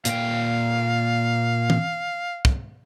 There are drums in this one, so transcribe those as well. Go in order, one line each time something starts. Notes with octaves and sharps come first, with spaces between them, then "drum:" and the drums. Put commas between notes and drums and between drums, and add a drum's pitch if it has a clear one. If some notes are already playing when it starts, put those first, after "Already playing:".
A#2 F5 G5, drum: hi-hat
drum: tom
drum: kick